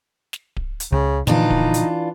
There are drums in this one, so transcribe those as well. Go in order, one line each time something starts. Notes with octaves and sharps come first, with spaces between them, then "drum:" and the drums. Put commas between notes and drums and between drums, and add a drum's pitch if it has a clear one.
drum: snare
drum: kick D1
drum: hi-hat
C#2 C#3
A#2 D3 E3 F3 D4 D#4 F4, drum: snare
drum: kick D1
drum: hi-hat